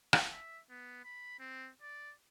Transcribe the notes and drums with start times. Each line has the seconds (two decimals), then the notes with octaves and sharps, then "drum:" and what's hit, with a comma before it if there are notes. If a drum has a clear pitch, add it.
0.13 drum: rim click
0.31 E5
0.70 B3
1.04 B5
1.39 C4
1.82 D5